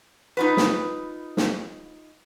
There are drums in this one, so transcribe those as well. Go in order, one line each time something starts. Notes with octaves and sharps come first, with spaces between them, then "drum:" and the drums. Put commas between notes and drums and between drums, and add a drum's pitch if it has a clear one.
D#4 F4 B4
drum: snare
drum: snare